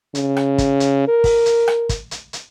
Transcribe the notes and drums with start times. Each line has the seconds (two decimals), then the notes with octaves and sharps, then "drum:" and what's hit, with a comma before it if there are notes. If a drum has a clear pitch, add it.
0.15 C#3, drum: hi-hat
0.37 drum: rim click
0.58 drum: kick, hi-hat
0.80 drum: hi-hat
1.08 A#4
1.24 drum: kick, open hi-hat
1.46 drum: hi-hat
1.68 drum: rim click
1.89 drum: kick, hi-hat
2.11 drum: hi-hat
2.33 drum: hi-hat